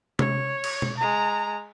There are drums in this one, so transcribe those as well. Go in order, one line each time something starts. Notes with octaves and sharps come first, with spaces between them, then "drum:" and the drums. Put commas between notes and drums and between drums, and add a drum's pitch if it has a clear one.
C#5, drum: tom
drum: cymbal
drum: tom
G#3 A#5